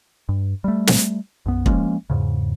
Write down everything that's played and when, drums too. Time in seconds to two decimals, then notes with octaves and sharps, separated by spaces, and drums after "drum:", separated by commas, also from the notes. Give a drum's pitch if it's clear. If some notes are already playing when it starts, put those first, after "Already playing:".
0.29 G2
0.64 G3 A3
0.87 drum: snare
1.46 B1 F#2 B3
1.66 F3 G#3 A#3 C#4, drum: kick
2.10 E2 G#2 C#3